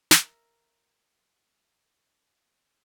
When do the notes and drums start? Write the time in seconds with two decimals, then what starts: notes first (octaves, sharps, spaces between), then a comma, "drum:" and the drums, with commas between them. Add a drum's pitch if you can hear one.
0.11 A#4 E5, drum: snare